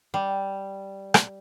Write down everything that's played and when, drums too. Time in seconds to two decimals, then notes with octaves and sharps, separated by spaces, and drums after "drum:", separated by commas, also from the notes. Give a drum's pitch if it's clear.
0.14 G3
1.14 drum: rim click